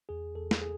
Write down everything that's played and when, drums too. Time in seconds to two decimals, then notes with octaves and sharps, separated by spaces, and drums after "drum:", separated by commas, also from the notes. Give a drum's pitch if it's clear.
0.09 E2 G#4
0.35 E2 A4
0.51 drum: snare
0.61 G#4